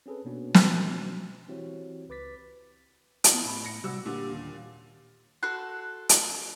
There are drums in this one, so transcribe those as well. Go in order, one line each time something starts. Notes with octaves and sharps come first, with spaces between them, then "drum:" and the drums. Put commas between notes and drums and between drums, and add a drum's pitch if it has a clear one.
C4 C#4 G#4 A4 B4
B2 A#3 B3 C#4 D4 F#4
drum: snare
E3 C4 E4 F#4 G4 C#5
C#2 B4 D6 A6 B6
drum: hi-hat
B3 E4
A2 B5
A#6 C#7
C3 G3 F#4 E6
A#2 D3 G4
D#2
F#4 A4 C6 F#6
drum: hi-hat